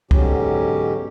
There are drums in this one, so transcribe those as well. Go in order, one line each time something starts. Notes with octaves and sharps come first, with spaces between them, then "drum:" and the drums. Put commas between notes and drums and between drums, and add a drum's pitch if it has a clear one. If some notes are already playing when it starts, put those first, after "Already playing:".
G#2 B2 D3 F#3 C#4 G4, drum: kick